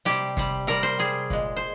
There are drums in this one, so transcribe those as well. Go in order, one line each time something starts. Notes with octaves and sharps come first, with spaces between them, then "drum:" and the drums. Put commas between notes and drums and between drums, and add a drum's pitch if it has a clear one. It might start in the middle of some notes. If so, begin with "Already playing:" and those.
C3 G3 G4
C3 G3, drum: kick
C3 G3 A#4
C5
C3 G3 G#4
A#2 G#3, drum: kick
C5